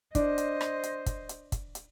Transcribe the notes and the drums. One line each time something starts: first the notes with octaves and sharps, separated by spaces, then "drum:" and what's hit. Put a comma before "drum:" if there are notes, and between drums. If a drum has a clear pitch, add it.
D4 C5 D#5, drum: kick, hi-hat
drum: hi-hat
drum: rim click
drum: hi-hat
drum: kick, hi-hat
drum: hi-hat
drum: kick, hi-hat
drum: hi-hat